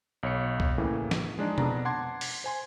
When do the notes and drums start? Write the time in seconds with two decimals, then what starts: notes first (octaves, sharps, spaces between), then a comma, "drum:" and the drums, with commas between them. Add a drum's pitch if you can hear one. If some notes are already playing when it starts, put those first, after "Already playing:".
0.23 B1 C#5 C#7
0.60 drum: kick C2
0.78 A2 C#3 E3 A#3
1.11 drum: snare
1.37 F3 G#3 D4 D#4
1.58 F2 B3 D4 A#5, drum: tom B2
1.85 F#5 A5 C6 D6 G#6
2.21 drum: open hi-hat
2.44 C5 G#5 C6